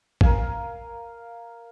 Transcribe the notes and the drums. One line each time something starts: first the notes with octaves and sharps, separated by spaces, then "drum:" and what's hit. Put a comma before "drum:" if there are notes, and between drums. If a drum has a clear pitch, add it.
A#4 F5 G#5, drum: kick